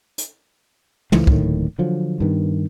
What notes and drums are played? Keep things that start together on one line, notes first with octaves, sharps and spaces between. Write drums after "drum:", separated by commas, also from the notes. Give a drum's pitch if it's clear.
drum: hi-hat
C#2 E3 F3 A3, drum: tom
D1 A#1 A2 D#3, drum: kick
D3 F3 F#3
G2 D#3 B3